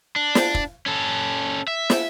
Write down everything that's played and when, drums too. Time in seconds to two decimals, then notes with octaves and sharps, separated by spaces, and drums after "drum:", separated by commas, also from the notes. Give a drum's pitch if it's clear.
0.16 D4
0.35 drum: snare
0.55 drum: kick
0.86 C#4 A4
1.68 E5
1.90 drum: snare